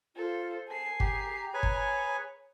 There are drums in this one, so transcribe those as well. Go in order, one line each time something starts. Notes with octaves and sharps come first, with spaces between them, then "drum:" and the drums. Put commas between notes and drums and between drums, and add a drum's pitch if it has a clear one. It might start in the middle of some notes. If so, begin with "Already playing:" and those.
F4 A4 C5
G#4 A5 C7
G4 A#5, drum: kick G1
G#4 B4 C#5 G#5
drum: kick G1